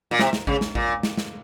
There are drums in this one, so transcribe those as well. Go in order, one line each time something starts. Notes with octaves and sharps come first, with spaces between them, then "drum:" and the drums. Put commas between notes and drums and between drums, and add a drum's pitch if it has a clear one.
A#2
C3, drum: snare
drum: snare
C#3, drum: kick A1
drum: snare
A#2, drum: kick A1
drum: snare
drum: snare